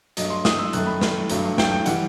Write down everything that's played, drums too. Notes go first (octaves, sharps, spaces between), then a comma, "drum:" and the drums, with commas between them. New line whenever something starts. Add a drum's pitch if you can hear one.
G2 F#3 A3 D#5, drum: hi-hat
C6
D#6, drum: snare
E6
F#2 D#3 A3 F#6, drum: hi-hat
B5
drum: snare
G2 F#3 A3, drum: hi-hat
G5, drum: snare
G5
E3 G3 F#5, drum: hi-hat